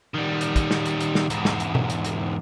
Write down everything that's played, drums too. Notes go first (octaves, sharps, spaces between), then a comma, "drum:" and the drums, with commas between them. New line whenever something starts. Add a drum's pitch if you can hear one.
D#3 G3
drum: hi-hat
drum: kick, hi-hat
drum: snare
drum: hi-hat
drum: hi-hat
drum: snare
E2 G#2, drum: hi-hat
drum: snare
drum: hi-hat
drum: tom B2
drum: hi-hat
drum: hi-hat